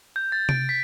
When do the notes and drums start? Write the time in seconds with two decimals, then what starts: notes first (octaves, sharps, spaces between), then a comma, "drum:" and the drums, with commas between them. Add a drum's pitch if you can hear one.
0.16 G6
0.32 A6
0.49 D7, drum: tom C3
0.69 B6